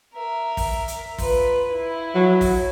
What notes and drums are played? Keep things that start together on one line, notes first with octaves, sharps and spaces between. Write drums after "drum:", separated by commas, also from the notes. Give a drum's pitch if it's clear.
A#4 E5
drum: kick, open hi-hat
drum: hi-hat
F4 B4, drum: kick, open hi-hat
E4
F#3
drum: kick, open hi-hat